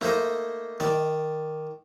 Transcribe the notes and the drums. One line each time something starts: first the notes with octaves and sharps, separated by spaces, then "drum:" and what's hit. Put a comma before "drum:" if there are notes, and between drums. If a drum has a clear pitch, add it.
A3 A#3 D#4 C5 D#5, drum: snare
D#3 D5, drum: snare